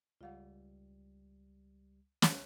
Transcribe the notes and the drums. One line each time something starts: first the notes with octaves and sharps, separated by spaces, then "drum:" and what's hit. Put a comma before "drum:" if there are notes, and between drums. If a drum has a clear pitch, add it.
C#2 G3 F4 F5 F#5
drum: snare